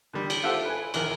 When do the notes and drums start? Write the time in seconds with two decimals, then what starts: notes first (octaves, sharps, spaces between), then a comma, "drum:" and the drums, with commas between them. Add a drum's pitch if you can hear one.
0.13 D3 D#3 G3
0.30 drum: cymbal
0.43 F4 G4 A4 C5 E5 F#5
0.66 B4 G#5
0.94 A#1 D#2 E3 A#4 A#5, drum: cymbal